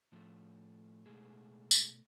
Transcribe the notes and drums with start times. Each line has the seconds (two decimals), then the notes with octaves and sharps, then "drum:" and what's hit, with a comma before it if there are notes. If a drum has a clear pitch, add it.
0.12 A2 F3 A3
1.06 B2 G#3 A3 G#4
1.71 drum: tambourine